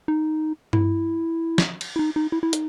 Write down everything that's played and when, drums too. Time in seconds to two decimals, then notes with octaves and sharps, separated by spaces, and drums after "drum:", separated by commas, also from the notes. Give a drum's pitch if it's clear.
0.08 D#4
0.73 E4, drum: tom G2
1.58 drum: snare
1.81 drum: cymbal
1.96 E4
1.99 D#4
2.16 D#4
2.32 E4
2.43 E4
2.53 D#4, drum: hi-hat